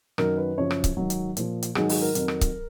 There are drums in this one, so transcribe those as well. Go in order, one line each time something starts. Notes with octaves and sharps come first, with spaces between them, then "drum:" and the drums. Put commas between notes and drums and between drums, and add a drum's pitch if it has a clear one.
F#2 D#3 F#3 A#4, drum: rim click
B4
F#2 C#3 F3 C#5
drum: rim click
drum: kick C#1, hi-hat
G#2 D#3 F#3
drum: hi-hat
A#2 F3, drum: hi-hat
drum: hi-hat
G#2 D#3 F#3 G#4, drum: rim click
G#4, drum: open hi-hat
A#4
F2 D#3 F#3, drum: hi-hat
drum: rim click
drum: kick C#1, hi-hat